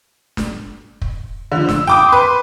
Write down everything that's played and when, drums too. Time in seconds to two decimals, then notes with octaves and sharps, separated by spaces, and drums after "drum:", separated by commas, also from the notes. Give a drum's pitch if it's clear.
0.37 drum: snare
1.01 drum: kick
1.52 D3 F3
1.69 E6, drum: snare
1.87 G5 D6 D#6
2.09 B4 C6